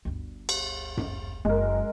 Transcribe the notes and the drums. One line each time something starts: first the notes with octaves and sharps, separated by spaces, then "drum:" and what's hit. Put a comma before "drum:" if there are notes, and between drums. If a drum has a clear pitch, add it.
G1 D2
drum: cymbal
drum: tom F#2
F#1 G#3 A#4